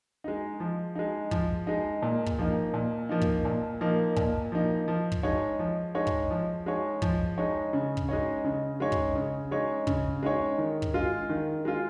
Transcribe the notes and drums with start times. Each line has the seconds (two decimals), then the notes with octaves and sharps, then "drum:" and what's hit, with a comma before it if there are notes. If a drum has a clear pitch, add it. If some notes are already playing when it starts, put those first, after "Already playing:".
0.24 G#3 D#4
0.60 F3
0.95 G#3 D#4
1.31 F3, drum: kick
1.67 G#3 D#4
2.02 A#2
2.26 drum: kick
2.38 F3 A#3 D#4
2.74 A#2
3.09 F3 A#3 D#4
3.21 drum: kick
3.45 A#2
3.81 F3 A#3 D#4
4.16 A#2, drum: kick
4.52 F3 A#3 D#4
4.88 F3
5.12 drum: kick
5.23 G#3 D#4 C#5
5.59 F3
5.95 G#3 D#4 C#5
6.07 drum: kick
6.31 F3
6.66 G#3 D#4 C#5
7.02 F3, drum: kick
7.38 G#3 D#4 C#5
7.73 C#3
7.97 drum: kick
8.09 G#3 D#4 C#5
8.44 C#3
8.80 G#3 D#4 C#5
8.92 drum: kick
9.15 C#3
9.51 G#3 D#4 C#5
9.87 C#3, drum: kick
10.23 G#3 D#4 C#5
10.58 D#3
10.82 drum: kick
10.94 G#3 F4
11.30 D#3
11.65 G#3 F4